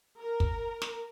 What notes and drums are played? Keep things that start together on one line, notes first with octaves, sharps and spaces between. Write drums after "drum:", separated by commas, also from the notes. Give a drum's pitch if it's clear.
A#4
drum: kick
drum: snare